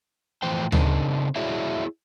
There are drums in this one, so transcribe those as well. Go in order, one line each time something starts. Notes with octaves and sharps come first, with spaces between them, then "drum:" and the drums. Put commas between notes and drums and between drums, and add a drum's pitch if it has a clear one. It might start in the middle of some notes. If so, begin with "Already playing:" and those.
A2 E3 F3 C5 G5
C#3 C4 D4 D#4 A#4, drum: tom D2
E4 F#4 G#4 C#5 D5 E5